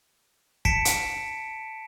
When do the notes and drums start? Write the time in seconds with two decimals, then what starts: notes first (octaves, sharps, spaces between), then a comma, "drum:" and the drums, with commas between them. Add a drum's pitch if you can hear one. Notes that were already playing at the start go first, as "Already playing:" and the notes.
0.65 A5 B6 C#7 D7 E7, drum: kick
0.85 drum: hi-hat